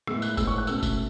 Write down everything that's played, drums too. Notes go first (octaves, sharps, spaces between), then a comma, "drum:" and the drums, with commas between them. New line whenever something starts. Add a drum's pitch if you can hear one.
A2 G#3 B3 E6, drum: rim click
F#6, drum: tambourine
A2 G#3 B3 E6, drum: kick F#1, tambourine
C#6
F#6
B2 A3 C#4 E6, drum: tambourine
drum: kick F#1, tambourine